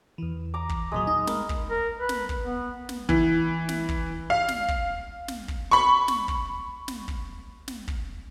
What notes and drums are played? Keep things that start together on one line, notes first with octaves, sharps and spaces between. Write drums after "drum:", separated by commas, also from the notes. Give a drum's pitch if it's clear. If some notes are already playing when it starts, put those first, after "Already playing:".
E2 E3
A#5 D6
drum: kick
D#2 A#2 F#3 G#3 D#6
D#4
G#3 A#4 D#5 B5, drum: snare
drum: kick
A#4
B4
drum: snare
drum: kick
B3
drum: snare
E3, drum: kick
drum: snare
drum: kick
F5
drum: snare
drum: kick
drum: snare
drum: kick
B5 C#6
drum: snare
drum: kick
drum: snare
drum: kick
drum: snare
drum: kick